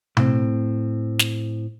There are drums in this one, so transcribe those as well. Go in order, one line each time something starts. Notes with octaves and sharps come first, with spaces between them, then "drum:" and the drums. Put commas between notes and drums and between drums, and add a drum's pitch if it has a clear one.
A2 C4, drum: tom B2
drum: snare